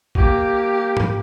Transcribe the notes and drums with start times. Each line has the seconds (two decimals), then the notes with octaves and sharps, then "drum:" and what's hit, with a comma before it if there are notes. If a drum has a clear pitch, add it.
0.15 A#3 G4, drum: kick
0.97 drum: tom